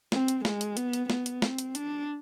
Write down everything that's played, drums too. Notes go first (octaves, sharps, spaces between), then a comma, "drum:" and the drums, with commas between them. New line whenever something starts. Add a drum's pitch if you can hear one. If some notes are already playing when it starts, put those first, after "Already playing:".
C4, drum: snare
drum: hi-hat
G#3, drum: snare
drum: hi-hat
B3, drum: hi-hat
drum: hi-hat
B3, drum: snare
drum: hi-hat
C4, drum: snare
drum: hi-hat
D4, drum: hi-hat